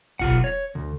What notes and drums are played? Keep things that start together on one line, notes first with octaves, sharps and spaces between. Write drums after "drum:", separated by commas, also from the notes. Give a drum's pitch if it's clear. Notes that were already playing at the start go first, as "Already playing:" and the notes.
B1 F4 F#5, drum: kick
C#5
D2